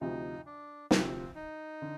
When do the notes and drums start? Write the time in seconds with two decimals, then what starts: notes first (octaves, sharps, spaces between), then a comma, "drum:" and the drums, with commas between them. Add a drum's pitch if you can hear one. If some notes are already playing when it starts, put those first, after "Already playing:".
0.01 D2 C3 F3 D#4
0.46 D4
0.91 D2 C3 F3 C4, drum: snare
1.35 D#4
1.82 D3